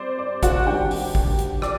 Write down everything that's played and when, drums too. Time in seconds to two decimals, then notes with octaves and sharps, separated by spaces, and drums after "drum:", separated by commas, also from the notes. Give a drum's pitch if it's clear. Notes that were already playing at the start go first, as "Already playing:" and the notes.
Already playing: G3 C4 C5 D5
0.19 D5
0.43 F#4 F#5, drum: kick, hi-hat
0.67 D#3 G3 D4 G4 G5
0.91 drum: open hi-hat
1.15 drum: kick
1.39 drum: hi-hat
1.62 D5 D6, drum: rim click